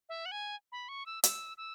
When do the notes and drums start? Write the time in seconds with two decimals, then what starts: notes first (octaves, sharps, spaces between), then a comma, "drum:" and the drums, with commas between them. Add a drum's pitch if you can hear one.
0.09 E5
0.26 F#5
0.32 G#5
0.72 B5
0.89 C#6
1.06 E6
1.24 E6, drum: hi-hat
1.57 E6